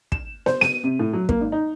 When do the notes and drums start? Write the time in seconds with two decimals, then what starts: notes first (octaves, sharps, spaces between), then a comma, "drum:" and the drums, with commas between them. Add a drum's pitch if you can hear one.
0.12 E7, drum: kick
0.46 C5, drum: snare
0.61 D#7, drum: snare
0.84 C3
0.99 A2
1.13 F#3
1.29 A#3, drum: kick
1.41 G#1
1.52 D#4